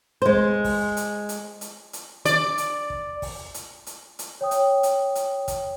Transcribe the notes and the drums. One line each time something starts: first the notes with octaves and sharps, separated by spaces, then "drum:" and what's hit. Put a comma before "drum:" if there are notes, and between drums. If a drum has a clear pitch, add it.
G#3 C5
drum: kick
drum: kick, open hi-hat
drum: hi-hat
drum: hi-hat
drum: hi-hat
drum: hi-hat
D5, drum: hi-hat
drum: hi-hat
drum: kick
drum: kick, open hi-hat
drum: hi-hat
drum: hi-hat
drum: hi-hat
C#5 G5 D#6
drum: hi-hat
drum: hi-hat
drum: hi-hat
drum: kick, hi-hat